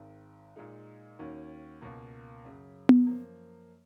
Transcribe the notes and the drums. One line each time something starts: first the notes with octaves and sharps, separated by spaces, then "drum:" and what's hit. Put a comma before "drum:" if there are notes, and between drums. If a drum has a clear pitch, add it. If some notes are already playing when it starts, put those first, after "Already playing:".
Already playing: G#1 G#2 D#3
A#2 G#3 D#4
D#2 D#3 A#3 C#4 F#4
C#2 B2 A#3
F#2 C#3 F#3
drum: tom B3
F#2 F3 A#3